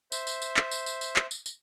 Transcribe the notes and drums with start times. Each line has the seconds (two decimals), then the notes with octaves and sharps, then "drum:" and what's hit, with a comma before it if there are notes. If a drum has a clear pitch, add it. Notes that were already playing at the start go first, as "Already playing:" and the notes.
0.12 C5 E5, drum: tambourine
0.27 drum: tambourine
0.42 drum: tambourine
0.57 drum: clap
0.71 drum: tambourine
0.86 drum: tambourine
1.01 drum: tambourine
1.16 drum: clap
1.31 drum: tambourine
1.46 drum: tambourine